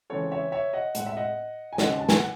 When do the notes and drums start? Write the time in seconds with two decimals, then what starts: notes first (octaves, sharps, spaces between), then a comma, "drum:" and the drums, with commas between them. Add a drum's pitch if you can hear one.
0.10 C#2 C#3 E3 C4 A4 C#5
0.32 C#5 E5
0.52 C#5 E5
0.73 D#5 F#5
0.95 A2 G#3 C4 F#5, drum: hi-hat
1.06 E5
1.17 D#5 F#5
1.73 G#5
1.78 D#2 C#3 G#3 C4 D#5 F#5, drum: snare
2.00 A5
2.09 G#5, drum: snare
2.17 F#5